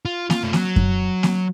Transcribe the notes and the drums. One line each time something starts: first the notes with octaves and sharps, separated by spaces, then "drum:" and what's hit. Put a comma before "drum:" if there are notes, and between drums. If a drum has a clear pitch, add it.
F4
F4, drum: snare A#3
A3
F#3, drum: snare A#3
drum: kick F#2
drum: snare A#3